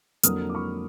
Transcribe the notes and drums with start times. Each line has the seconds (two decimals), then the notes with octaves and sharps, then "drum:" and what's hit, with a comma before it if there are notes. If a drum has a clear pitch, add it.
0.23 F2 D3 F#3 A#3 D#6 F6, drum: hi-hat
0.49 D6
0.55 B5 C#6